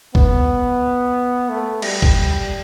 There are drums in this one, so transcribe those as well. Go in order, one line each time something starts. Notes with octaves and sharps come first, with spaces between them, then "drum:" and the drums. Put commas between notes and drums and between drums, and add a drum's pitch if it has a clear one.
B3, drum: kick
A3
G3, drum: cymbal
drum: kick